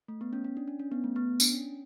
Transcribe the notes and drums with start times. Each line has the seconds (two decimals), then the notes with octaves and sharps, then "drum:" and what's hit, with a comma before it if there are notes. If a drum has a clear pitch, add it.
0.08 A3
0.21 B3
0.33 C#4
0.44 C#4
0.57 D4
0.68 D4
0.79 C#4
0.92 B3
1.04 A3
1.16 B3
1.40 D4, drum: tambourine
1.52 C#4